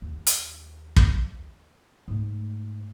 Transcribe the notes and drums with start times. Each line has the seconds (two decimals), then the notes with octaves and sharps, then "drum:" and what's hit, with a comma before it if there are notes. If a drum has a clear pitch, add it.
0.02 D#2
0.27 drum: hi-hat
0.96 drum: kick
2.08 G#2 A3